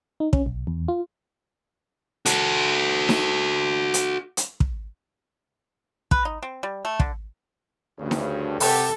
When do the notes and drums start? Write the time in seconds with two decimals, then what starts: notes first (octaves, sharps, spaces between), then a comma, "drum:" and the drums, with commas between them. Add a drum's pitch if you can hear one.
0.20 D#4
0.33 C#4, drum: kick
0.46 B1
0.67 E2
0.88 F4
2.26 F#4 A4, drum: hi-hat
3.09 drum: snare D#4
3.94 drum: hi-hat
4.37 drum: hi-hat
4.60 drum: kick
6.11 B4, drum: kick
6.25 D#4
6.42 C4
6.63 G3
6.85 A3
7.00 D3, drum: kick
7.98 D2 G2 C#3
8.11 drum: snare D#4
8.60 C3 G4 A4 F#5, drum: open hi-hat